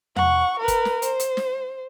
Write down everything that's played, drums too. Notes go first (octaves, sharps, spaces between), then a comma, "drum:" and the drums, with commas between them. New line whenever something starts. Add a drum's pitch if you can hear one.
F#5 C#6, drum: tom E2
A#4 B4
drum: kick F#1, hi-hat
drum: snare
C5, drum: hi-hat
drum: hi-hat
drum: snare